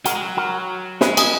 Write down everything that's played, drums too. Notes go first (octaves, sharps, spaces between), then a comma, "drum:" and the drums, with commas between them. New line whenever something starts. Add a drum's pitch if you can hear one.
G#3 F#4 A#4, drum: hi-hat
G#3
F#3
F#4 A#4
G#3 G#4 B4, drum: snare
F4 G#4, drum: cymbal